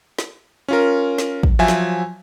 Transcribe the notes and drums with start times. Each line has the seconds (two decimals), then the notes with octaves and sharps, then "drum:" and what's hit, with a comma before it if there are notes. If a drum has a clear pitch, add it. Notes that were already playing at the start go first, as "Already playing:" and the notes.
0.19 drum: snare
0.68 C#4 F4 A#4
1.18 drum: snare
1.43 drum: kick
1.59 F3 F#3 E5 G#5
1.68 drum: snare